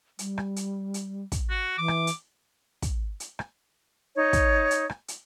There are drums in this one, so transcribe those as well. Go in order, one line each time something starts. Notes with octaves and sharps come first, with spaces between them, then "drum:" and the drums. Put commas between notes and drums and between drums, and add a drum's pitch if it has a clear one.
G3, drum: hi-hat
drum: rim click
drum: hi-hat
drum: hi-hat
drum: kick, hi-hat
F#4
E3 D6
drum: rim click
drum: hi-hat
drum: kick, hi-hat
drum: hi-hat
drum: rim click
D#4 C#5
drum: kick, hi-hat
drum: hi-hat
drum: rim click
drum: hi-hat